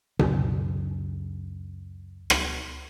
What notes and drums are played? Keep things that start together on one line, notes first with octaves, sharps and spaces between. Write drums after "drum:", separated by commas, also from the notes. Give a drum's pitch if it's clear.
C#2 F#2 C#3, drum: tom B2
drum: rim click